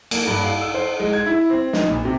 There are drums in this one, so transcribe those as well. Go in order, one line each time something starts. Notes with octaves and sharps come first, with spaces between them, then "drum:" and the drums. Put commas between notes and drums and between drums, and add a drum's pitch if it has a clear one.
A#3, drum: cymbal
G2
F5
E6
C5
G#3
G#6
E4
C4
D#4, drum: snare
A#1
C3